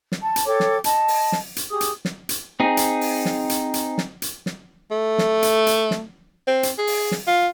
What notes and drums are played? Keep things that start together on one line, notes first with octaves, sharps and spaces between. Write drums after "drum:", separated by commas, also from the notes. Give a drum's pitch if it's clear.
drum: snare
A5
drum: hi-hat
A4 C#5 G5 D6
drum: snare
D#5 A5, drum: hi-hat
drum: open hi-hat
drum: snare
drum: hi-hat
G4 G#4 D#6
drum: hi-hat
drum: snare
drum: hi-hat
C4 D#4 G#4
drum: hi-hat
drum: open hi-hat
drum: snare
drum: hi-hat
drum: hi-hat
drum: snare
drum: hi-hat
drum: snare
A3
drum: snare
drum: hi-hat
drum: hi-hat
drum: snare
C4
drum: hi-hat
G#4
drum: open hi-hat
drum: snare
F4